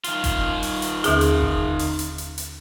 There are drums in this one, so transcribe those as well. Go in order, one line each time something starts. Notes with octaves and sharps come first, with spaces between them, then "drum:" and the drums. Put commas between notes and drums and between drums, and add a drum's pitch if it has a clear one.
D#3 F4, drum: hi-hat
drum: kick F1, hi-hat
drum: open hi-hat
drum: hi-hat
D#2 D3 G#4, drum: hi-hat
drum: hi-hat
drum: kick F1
drum: open hi-hat
drum: hi-hat
drum: hi-hat
drum: hi-hat